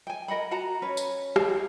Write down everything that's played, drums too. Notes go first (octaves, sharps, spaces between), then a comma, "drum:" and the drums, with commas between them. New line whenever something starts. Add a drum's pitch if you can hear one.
G5 G#5
A#4 D#5 F#5 B5
F#4 F#5 A5 A#5
C#4 B4 C#5
drum: tambourine
F5, drum: rim click